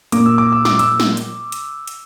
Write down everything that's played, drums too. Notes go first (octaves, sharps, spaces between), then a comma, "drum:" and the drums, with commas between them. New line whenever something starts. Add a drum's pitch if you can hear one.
A#2 A#3 D6, drum: hi-hat
E6
D6
E6
D6, drum: snare
E6, drum: hi-hat
drum: snare
drum: hi-hat
drum: hi-hat
drum: hi-hat